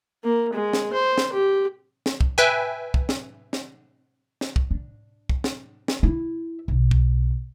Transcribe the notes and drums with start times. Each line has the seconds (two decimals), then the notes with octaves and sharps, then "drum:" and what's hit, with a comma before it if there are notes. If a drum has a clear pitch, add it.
0.24 A#3
0.54 G#3
0.73 drum: snare
0.93 C5
1.18 drum: snare
1.33 G4
2.06 drum: snare
2.21 drum: kick
2.38 B4 E5 G5 G#5
2.94 drum: kick
3.09 drum: snare
3.53 drum: snare
4.41 drum: snare
4.56 drum: kick
4.71 D4
5.29 drum: kick
5.44 drum: snare
5.88 drum: snare
6.03 E4
6.68 B1
6.91 drum: kick